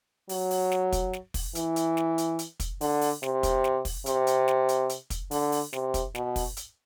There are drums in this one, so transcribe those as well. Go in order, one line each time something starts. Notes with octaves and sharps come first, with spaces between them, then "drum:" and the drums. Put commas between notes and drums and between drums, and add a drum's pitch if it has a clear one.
F#3, drum: open hi-hat
drum: open hi-hat
drum: snare
drum: kick, hi-hat
drum: snare
drum: kick, open hi-hat
E3, drum: hi-hat
drum: hi-hat
drum: snare
drum: hi-hat
drum: hi-hat
drum: kick, hi-hat
D3, drum: open hi-hat
drum: open hi-hat
C3, drum: snare
drum: kick, hi-hat
drum: snare
drum: kick, open hi-hat
C3, drum: hi-hat
drum: hi-hat
drum: snare
drum: hi-hat
drum: hi-hat
drum: kick, hi-hat
D3, drum: open hi-hat
drum: open hi-hat
C3, drum: snare
drum: kick, hi-hat
B2, drum: snare
drum: kick, open hi-hat
drum: hi-hat